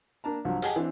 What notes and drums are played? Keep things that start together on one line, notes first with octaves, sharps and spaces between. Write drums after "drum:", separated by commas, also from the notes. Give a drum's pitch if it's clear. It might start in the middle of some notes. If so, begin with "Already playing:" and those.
A#3 D4 A5 A#5
C2 G2 F3 F#3
G4 G#4 D#5 F#5 G#5 A5, drum: hi-hat
E3 C4 D4